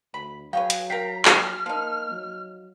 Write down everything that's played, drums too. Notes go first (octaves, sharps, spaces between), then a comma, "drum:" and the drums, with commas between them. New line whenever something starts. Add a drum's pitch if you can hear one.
D2 B5
F#3 G#4 B4 C#5 F5 G5
drum: hi-hat
A#4 F5 G5 A#5 B6 C7
G#4 F6, drum: clap
F3 A#3 D#4
F#3